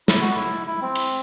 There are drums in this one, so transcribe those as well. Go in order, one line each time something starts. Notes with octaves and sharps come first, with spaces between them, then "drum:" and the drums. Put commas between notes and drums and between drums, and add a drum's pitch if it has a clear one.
E4, drum: snare
F#4
E4
E4
C4
drum: cymbal